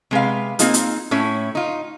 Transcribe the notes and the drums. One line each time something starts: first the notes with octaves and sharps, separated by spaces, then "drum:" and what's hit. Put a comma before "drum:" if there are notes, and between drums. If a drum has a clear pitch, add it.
C3 G#3 B4 F5
A#3 C4 D#4 F4 G#4, drum: hi-hat
drum: hi-hat
A2 C#4 E4 C#5
D#4 F4